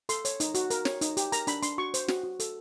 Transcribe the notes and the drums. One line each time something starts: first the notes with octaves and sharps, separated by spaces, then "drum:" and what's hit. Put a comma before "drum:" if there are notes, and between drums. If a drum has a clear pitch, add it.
A4 C6, drum: hi-hat
C#5, drum: hi-hat
D#4, drum: hi-hat
F#4, drum: hi-hat
A#4, drum: hi-hat
C#5, drum: snare
D#4, drum: hi-hat
G4, drum: hi-hat
A#4 A#5, drum: hi-hat
D4 B5, drum: hi-hat
D4 C6, drum: hi-hat
F#4 C#6
C5, drum: hi-hat
F#4, drum: snare
F#4
A4, drum: hi-hat